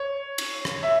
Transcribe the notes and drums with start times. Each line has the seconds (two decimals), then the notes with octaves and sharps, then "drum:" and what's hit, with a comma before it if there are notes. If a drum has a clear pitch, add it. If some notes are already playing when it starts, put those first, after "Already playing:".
Already playing: C#5
0.38 drum: cymbal
0.65 drum: rim click
0.83 E5